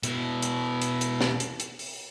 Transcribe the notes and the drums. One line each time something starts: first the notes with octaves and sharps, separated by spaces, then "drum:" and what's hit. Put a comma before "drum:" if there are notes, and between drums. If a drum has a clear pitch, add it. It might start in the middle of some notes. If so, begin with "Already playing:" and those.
B2 E4, drum: hi-hat
drum: hi-hat
drum: hi-hat
drum: hi-hat
drum: snare
drum: hi-hat
drum: hi-hat
drum: open hi-hat